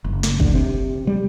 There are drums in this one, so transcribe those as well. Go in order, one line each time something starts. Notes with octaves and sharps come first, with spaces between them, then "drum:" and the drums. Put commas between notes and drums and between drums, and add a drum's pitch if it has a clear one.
F#1
drum: snare
D3, drum: kick
C3
G3